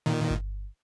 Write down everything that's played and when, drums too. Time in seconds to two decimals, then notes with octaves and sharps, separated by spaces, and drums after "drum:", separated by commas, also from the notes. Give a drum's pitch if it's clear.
0.06 A#2 D#3
0.30 drum: kick G1